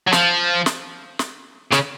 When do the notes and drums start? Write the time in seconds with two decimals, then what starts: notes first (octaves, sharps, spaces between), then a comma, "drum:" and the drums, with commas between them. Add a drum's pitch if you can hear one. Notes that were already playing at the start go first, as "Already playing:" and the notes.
0.07 F#3
0.12 F3, drum: snare
0.66 drum: snare
1.19 drum: snare
1.72 C#3, drum: snare